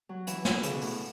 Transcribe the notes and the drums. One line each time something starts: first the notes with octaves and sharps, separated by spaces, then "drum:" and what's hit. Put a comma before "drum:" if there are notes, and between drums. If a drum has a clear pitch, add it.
F#3
E3, drum: hi-hat
F#3
E3, drum: snare
D3
C#3, drum: hi-hat
B2
A2, drum: open hi-hat